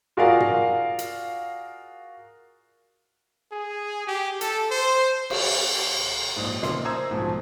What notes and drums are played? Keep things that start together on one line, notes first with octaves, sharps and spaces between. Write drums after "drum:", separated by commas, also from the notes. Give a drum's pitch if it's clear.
F4 F#4 G#4 A#4 D5 F5
drum: tom
drum: hi-hat
G#4
G4
A4, drum: hi-hat
C5
drum: cymbal
A#1 G#2
A#1 C#3 A#3 E5 C6 C7, drum: snare
C5 A#5 C6 D#6 E6 G#6
B1 G#2 B2 F3 G#3 A3